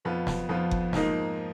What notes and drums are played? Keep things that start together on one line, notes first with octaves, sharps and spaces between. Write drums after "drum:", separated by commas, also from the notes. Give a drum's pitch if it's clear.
F2 F3 B3 F4
drum: snare
F2 F3 B3 F4
drum: kick F#1
G#2 F3 A#3 D#4, drum: snare